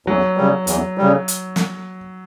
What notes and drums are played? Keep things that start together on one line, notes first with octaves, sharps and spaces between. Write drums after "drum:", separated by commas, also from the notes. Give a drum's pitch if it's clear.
E2 F#3
C#3 G3
E2, drum: hi-hat
C#3 G3
drum: hi-hat
drum: snare